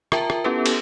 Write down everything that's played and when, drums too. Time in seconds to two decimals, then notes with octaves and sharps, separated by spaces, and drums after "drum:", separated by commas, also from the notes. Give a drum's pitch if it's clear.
0.12 F4 A#4 E5 G5 A5 A#5, drum: rim click
0.30 drum: rim click
0.44 B3 C#4 E4 G4 A4 B4
0.66 drum: cymbal